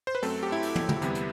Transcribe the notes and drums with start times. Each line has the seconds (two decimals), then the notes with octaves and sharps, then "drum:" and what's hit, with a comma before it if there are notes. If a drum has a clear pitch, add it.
0.07 C5
0.15 B4
0.22 F#2 F#3 A3 C4 A4, drum: open hi-hat
0.43 G4
0.52 E4
0.62 drum: open hi-hat
0.75 drum: tom
0.89 drum: tom
1.02 E2 C3 G3 B3, drum: hi-hat
1.15 drum: hi-hat